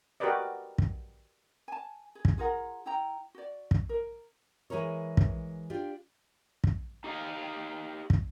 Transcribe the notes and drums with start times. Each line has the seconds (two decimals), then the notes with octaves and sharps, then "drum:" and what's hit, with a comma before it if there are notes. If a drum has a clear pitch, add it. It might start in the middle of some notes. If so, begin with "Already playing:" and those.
0.20 F#4 G4 A#4 B4 D5 D#5
0.78 drum: kick
1.68 G#5 A5
2.15 G#4
2.25 drum: kick
2.38 F4 G#4 A#4 F#5
2.86 E4 G5 A#5
3.34 F#4 D5
3.71 drum: kick
3.89 A#4
4.70 E3 G#3 E4 A#4 C#5
5.17 drum: kick
5.70 D4 F4 G4
6.64 drum: kick
7.04 D#4 G4 D#5 F5
8.10 drum: kick